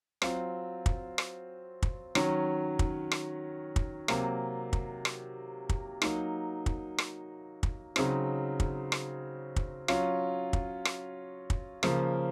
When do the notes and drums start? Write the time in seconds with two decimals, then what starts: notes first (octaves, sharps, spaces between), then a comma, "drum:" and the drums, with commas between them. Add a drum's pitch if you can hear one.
0.22 F#3 C4 F4, drum: rim click
0.86 drum: kick
1.18 drum: rim click
1.83 drum: kick
2.15 D#3 F#3 C#4, drum: rim click
2.79 drum: kick
3.11 drum: rim click
3.76 drum: kick
4.08 C3 F#3 A#3, drum: rim click
4.73 drum: kick
5.05 drum: rim click
5.69 drum: kick
6.02 F#3 A#3 D#4, drum: rim click
6.66 drum: kick
6.98 drum: rim click
7.63 drum: kick
7.96 C#3 F#3 C4 D#4, drum: rim click
8.60 drum: kick
8.92 drum: rim click
9.56 drum: kick
9.88 F#3 C#4 F4, drum: rim click
10.53 drum: kick
10.85 drum: rim click
11.50 drum: kick
11.83 C#3 F3 A#3, drum: rim click